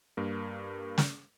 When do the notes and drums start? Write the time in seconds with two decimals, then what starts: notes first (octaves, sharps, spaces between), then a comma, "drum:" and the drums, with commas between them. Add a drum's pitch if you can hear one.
0.17 G2 A#3 A#4
0.98 drum: snare